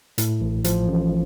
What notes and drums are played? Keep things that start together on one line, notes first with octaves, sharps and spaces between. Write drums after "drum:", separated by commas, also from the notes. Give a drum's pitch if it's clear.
A2, drum: hi-hat
A1
F3, drum: hi-hat
A1